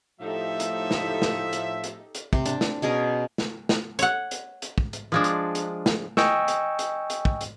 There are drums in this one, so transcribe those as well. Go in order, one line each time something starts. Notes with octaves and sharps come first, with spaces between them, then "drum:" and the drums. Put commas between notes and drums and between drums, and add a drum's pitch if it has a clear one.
A2 F3 D#4 G4 A4 E5
drum: hi-hat
drum: snare
drum: snare
drum: hi-hat
drum: hi-hat
drum: hi-hat
C3 C4, drum: kick
D4, drum: hi-hat
drum: snare
B2 C#4 G#4 A#4
drum: snare
drum: snare
C#5 F#5, drum: hi-hat
drum: hi-hat
drum: hi-hat
drum: kick
drum: hi-hat
F3 G#3 D4
drum: hi-hat
drum: hi-hat
drum: snare
D#5 G5 G#5 C#6 E6, drum: snare
drum: hi-hat
drum: hi-hat
drum: hi-hat
drum: kick
drum: hi-hat